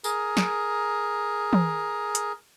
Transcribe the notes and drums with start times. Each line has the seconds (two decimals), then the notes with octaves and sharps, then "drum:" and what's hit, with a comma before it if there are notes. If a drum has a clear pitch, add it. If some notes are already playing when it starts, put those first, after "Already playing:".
0.04 G#4 A#4, drum: tambourine
0.37 drum: snare
1.53 drum: tom
2.15 drum: hi-hat